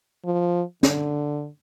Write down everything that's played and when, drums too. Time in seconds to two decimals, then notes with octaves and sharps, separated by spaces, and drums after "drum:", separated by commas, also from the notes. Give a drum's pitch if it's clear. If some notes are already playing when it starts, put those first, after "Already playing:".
0.25 F3
0.83 D3, drum: snare